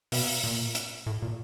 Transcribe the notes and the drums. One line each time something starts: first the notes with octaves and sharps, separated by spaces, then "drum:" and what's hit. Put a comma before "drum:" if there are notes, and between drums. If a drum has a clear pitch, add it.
B2, drum: open hi-hat
A#2
drum: hi-hat
A2
A#2